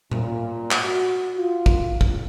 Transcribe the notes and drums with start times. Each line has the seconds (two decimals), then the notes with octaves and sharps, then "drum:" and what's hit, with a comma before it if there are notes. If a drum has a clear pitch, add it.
0.11 A#2, drum: tom A#2
0.71 drum: clap
0.83 F#4
1.37 F4
1.66 drum: kick
2.01 drum: kick